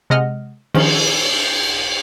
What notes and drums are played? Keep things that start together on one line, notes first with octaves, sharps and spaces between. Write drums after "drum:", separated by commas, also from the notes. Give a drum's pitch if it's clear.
C3 G#3 D#5 F#5 F6
D#3 F3 C#4, drum: cymbal